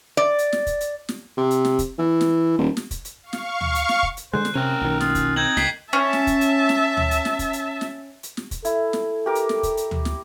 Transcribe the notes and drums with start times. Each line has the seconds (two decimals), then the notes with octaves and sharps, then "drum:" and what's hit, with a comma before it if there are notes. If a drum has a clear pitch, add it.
0.17 D5
0.38 drum: hi-hat
0.52 drum: snare
0.67 drum: kick, hi-hat
0.81 drum: hi-hat
1.09 drum: snare
1.37 C3
1.51 drum: hi-hat
1.65 drum: snare
1.79 drum: kick, hi-hat
1.98 E3
2.21 drum: snare
2.58 D#1
2.77 drum: snare
2.91 drum: kick, hi-hat
3.05 drum: hi-hat
3.23 F5 C#6
3.33 drum: snare
3.61 drum: tom D2
3.75 drum: hi-hat
3.89 drum: snare
4.03 drum: kick
4.17 drum: hi-hat
4.34 D3 G#3 C5 F#6
4.45 drum: snare
4.55 C3 C#4 A#4 G5
4.81 B1 D#3
5.01 F4 D#6, drum: snare
5.15 drum: kick, hi-hat
5.36 C4 D#4 G6 G#6 F#7
5.57 C#2 D#5 G5 B6 C7, drum: snare
5.93 C#4 E5 A5
6.13 drum: snare
6.27 drum: kick, hi-hat
6.41 drum: hi-hat
6.69 drum: snare
6.97 drum: tom D2
7.11 drum: hi-hat
7.25 drum: snare
7.39 drum: kick, hi-hat
7.53 drum: hi-hat
7.81 drum: snare
8.23 drum: hi-hat
8.37 drum: snare
8.51 drum: kick, hi-hat
8.65 E4 A4, drum: hi-hat
8.93 drum: snare
9.26 G4 A#4 D6
9.35 drum: hi-hat
9.49 drum: snare
9.63 drum: kick, hi-hat
9.77 drum: hi-hat
9.91 drum: tom D2
10.05 drum: snare